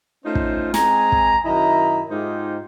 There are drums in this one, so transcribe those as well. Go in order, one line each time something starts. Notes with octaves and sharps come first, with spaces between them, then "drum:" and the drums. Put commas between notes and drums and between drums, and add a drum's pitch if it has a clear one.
A3 C#4 D#4 F4 C5
drum: kick
G#3 C4 G#5 A#5, drum: snare
drum: kick
F#2 D#3 E4 D#5 A#5
G#2 G#3 D#4 F4 G4 C5